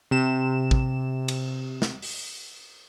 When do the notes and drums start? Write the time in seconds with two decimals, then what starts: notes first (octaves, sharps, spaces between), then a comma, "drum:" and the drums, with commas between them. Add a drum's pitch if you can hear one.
0.11 C3 E7
0.71 drum: kick
1.28 drum: cymbal
1.82 drum: snare
2.02 drum: open hi-hat